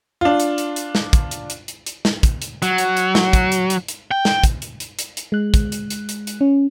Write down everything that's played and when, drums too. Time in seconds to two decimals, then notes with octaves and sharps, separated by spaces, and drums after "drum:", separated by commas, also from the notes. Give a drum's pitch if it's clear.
0.21 D4 F4
0.40 drum: hi-hat
0.58 drum: hi-hat
0.76 drum: hi-hat
0.95 drum: snare
1.13 drum: kick, hi-hat
1.31 drum: hi-hat
1.50 drum: hi-hat
1.68 drum: hi-hat
1.86 drum: hi-hat
2.05 drum: snare
2.23 drum: kick, hi-hat
2.42 drum: hi-hat
2.62 F#3, drum: hi-hat
2.78 drum: hi-hat
2.97 drum: hi-hat
3.15 drum: snare
3.33 drum: kick, hi-hat
3.52 drum: hi-hat
3.70 drum: hi-hat
3.88 drum: hi-hat
4.11 G5
4.25 drum: snare
4.44 drum: kick, hi-hat
4.62 drum: hi-hat
4.80 drum: hi-hat
4.99 drum: hi-hat
5.17 drum: hi-hat
5.32 G#3 F#6
5.54 drum: kick, hi-hat
5.72 drum: hi-hat
5.90 drum: hi-hat
6.09 drum: hi-hat
6.27 drum: hi-hat
6.41 C#4